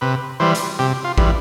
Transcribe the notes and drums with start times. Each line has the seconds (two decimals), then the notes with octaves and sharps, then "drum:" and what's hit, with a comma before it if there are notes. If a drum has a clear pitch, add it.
0.01 C3 B4
0.40 E3 G3 C5
0.55 drum: hi-hat
0.79 C3 G4
1.04 F4
1.18 E3 G3, drum: kick A1